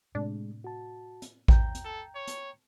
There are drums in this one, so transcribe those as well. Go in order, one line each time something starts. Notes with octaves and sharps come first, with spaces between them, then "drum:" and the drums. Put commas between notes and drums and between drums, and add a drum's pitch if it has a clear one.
A2 C3 G#3 D4
F#4 A5
drum: hi-hat
G5 A#5 G6, drum: kick A1
drum: hi-hat
A4
C#5
drum: hi-hat